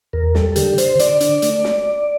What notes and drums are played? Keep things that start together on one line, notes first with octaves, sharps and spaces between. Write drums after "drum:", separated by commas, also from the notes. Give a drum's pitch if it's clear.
E2 A#4
G3 A4, drum: snare
D3 G4, drum: hi-hat
D3 C5, drum: hi-hat
D3 D5, drum: hi-hat
D4, drum: hi-hat
A3, drum: hi-hat
drum: snare